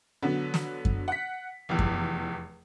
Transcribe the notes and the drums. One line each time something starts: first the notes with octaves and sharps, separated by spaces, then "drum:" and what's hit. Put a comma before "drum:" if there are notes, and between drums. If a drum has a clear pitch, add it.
D3 F#3 B3
drum: snare
drum: kick F#2
F#5 B6
F1 E2
drum: kick F#2